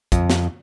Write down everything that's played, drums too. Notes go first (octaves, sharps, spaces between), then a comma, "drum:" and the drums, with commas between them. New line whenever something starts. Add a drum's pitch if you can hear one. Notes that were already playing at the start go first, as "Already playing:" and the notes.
F2, drum: kick, hi-hat
drum: snare